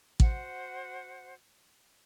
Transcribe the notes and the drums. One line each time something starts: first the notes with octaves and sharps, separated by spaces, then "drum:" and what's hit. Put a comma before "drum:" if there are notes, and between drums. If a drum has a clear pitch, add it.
F#4 C5 F#5, drum: kick